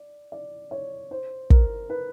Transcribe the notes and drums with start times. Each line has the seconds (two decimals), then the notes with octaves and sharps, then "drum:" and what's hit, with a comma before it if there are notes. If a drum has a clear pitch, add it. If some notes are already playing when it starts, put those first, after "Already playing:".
Already playing: D5
0.32 D5
0.71 C#5
1.11 C5
1.50 A#4, drum: kick
1.90 B4